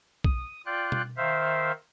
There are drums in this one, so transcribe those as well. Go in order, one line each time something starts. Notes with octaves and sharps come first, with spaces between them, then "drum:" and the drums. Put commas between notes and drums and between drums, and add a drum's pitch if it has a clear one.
D#6, drum: kick
F4 D5 G5 F#6
drum: tom B2
D#3 C5 E5 F5